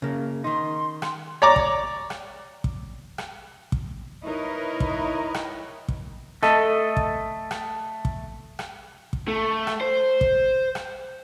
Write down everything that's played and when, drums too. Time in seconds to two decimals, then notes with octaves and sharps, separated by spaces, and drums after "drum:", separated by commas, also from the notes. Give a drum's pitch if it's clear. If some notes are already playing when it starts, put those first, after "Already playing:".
0.02 C#3 A#3
0.44 D#3 D#4 C6
1.02 drum: rim click
1.42 C#5 D5 A#5 D6
1.56 drum: kick
2.10 drum: rim click
2.64 drum: kick
3.18 drum: rim click
3.72 drum: kick
4.22 D#4 E4 A#4 B4 C#5 D#5
4.80 drum: kick
5.34 drum: rim click
5.88 drum: kick
6.43 A3 A4 D#5, drum: rim click
6.97 drum: kick
7.51 drum: rim click
8.05 drum: kick
8.59 drum: rim click
9.13 drum: kick
9.28 A3
9.67 drum: rim click
9.81 C5
10.21 drum: kick
10.75 drum: rim click